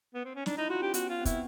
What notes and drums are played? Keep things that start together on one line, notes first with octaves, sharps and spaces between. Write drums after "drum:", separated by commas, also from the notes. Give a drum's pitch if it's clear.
B3
C4
C#4
D4 D#4, drum: snare
D#4 E4
F4 F#4
C#4 G4
B3 F#4, drum: hi-hat
F4
C4
B3 E4, drum: kick, hi-hat